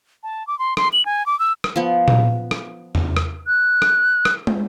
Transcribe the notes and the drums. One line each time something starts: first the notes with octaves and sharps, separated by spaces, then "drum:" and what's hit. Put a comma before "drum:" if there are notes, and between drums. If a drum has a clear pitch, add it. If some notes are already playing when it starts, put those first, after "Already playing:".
A5
D6
C6
C6, drum: rim click
F#7
G#5
D6
E6
drum: rim click
F3 B3
drum: tom A#2
drum: rim click
drum: tom E2
drum: rim click
F#6
drum: rim click
drum: rim click
drum: tom